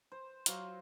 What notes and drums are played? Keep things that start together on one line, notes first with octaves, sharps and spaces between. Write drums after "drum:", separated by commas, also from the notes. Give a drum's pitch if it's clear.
C5
F#3 F4 C5, drum: hi-hat